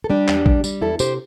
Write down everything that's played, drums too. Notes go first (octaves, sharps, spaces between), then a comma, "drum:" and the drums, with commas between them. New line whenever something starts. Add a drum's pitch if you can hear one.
A4
G3 D4 G4
E2, drum: clap
G3, drum: kick
G3, drum: tambourine
E2 E4 A4
C3 G4 C5, drum: tambourine